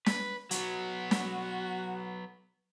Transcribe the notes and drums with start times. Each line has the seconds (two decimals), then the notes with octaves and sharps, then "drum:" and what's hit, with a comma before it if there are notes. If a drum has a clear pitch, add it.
0.06 B4, drum: snare
0.51 F#3 B3 F#4, drum: hi-hat
1.11 drum: snare